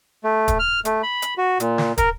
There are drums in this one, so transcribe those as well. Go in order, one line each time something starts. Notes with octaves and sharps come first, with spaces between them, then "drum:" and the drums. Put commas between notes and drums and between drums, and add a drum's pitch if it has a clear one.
A3
drum: kick, hi-hat
F6
A3, drum: hi-hat
B5
drum: hi-hat
F#4
A#2, drum: hi-hat
drum: snare
A#4, drum: kick, hi-hat